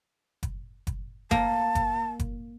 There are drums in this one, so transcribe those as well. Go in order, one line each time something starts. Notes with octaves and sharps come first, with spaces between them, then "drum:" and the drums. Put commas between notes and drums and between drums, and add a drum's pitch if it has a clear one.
drum: kick F#1, hi-hat
drum: kick F#1, hi-hat
A#3 A5, drum: kick F#1, hi-hat
drum: kick F#1, hi-hat
drum: kick F#1, hi-hat